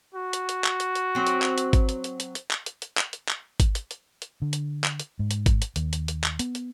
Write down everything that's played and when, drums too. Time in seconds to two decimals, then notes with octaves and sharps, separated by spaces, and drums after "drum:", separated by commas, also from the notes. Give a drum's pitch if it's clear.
0.15 F#4
0.33 drum: hi-hat
0.49 drum: hi-hat
0.64 drum: clap
0.80 drum: hi-hat
0.95 drum: hi-hat
1.15 F#3 C4
1.27 drum: hi-hat
1.42 drum: clap
1.58 drum: hi-hat
1.73 drum: kick G#1, hi-hat
1.89 drum: hi-hat
2.04 drum: hi-hat
2.20 drum: hi-hat
2.35 drum: hi-hat
2.51 drum: clap
2.66 drum: hi-hat
2.82 drum: hi-hat
2.97 drum: clap
3.13 drum: hi-hat
3.29 drum: clap
3.60 drum: kick G#1, hi-hat
3.75 drum: hi-hat
3.91 drum: hi-hat
4.22 drum: hi-hat
4.42 D3
4.53 drum: hi-hat
4.84 drum: clap
5.00 drum: hi-hat
5.19 G#2
5.31 drum: hi-hat
5.46 drum: kick G#1, hi-hat
5.62 drum: hi-hat
5.76 D#2, drum: hi-hat
5.93 drum: hi-hat
6.08 drum: hi-hat
6.24 drum: clap
6.39 B3, drum: hi-hat
6.55 drum: hi-hat